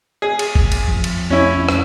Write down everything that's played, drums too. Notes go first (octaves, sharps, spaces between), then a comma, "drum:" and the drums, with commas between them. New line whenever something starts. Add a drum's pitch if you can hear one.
G#4
drum: cymbal
drum: kick
drum: cymbal
F2
drum: cymbal
C#4 E4
drum: rim click